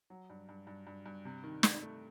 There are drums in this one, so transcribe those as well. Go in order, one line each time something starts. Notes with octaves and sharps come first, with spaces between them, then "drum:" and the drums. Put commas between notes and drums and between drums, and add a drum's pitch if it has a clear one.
F#3
G2
G2
G2
G2
G2
C3
D#3
D#3, drum: snare
A3